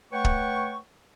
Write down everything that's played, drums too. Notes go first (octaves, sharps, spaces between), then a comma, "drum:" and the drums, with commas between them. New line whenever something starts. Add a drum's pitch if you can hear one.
A3 B4 C#5 F#5 G5 C#6
drum: kick